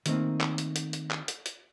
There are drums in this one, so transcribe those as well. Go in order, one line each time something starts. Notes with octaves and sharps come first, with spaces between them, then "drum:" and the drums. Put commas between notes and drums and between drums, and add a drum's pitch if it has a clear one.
D#3 G3 A3 A#3 C4 D#4, drum: hi-hat
drum: clap
drum: hi-hat
drum: hi-hat
drum: hi-hat
drum: clap
drum: hi-hat
drum: hi-hat